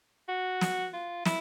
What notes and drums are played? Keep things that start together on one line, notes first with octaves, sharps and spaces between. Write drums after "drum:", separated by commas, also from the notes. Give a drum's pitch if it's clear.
F#4
drum: snare
F4
E4, drum: snare